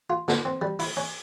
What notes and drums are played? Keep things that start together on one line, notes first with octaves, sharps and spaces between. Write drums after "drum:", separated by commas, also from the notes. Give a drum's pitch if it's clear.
F4
D3, drum: snare
C4
G3
E4, drum: open hi-hat
C#4